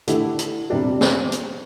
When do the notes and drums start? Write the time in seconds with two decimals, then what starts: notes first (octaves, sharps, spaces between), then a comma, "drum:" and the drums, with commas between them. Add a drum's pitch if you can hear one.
0.08 D3 A3 E4 G4, drum: hi-hat
0.39 drum: hi-hat
0.70 C3 G3 D4 G4
1.01 drum: snare
1.32 drum: hi-hat